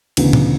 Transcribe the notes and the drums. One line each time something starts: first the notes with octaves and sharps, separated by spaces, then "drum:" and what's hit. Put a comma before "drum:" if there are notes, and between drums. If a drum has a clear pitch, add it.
D2 C#3 E3 B3, drum: cymbal
drum: tom A#2